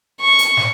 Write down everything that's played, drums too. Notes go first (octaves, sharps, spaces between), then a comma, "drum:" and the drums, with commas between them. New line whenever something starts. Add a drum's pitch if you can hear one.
C#6
drum: hi-hat
drum: snare